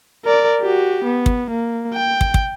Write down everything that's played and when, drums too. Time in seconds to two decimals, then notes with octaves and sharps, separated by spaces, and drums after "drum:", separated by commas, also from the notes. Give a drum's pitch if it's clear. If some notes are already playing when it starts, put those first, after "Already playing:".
0.25 A#4 D5
0.61 F#4 G4
1.04 B3
1.26 drum: kick
1.51 A#3
1.94 G5
2.21 drum: kick
2.34 drum: kick